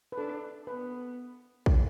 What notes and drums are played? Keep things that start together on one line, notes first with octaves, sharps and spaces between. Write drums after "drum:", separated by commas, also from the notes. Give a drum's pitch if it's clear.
B4
D4 A4
B3 B4
drum: kick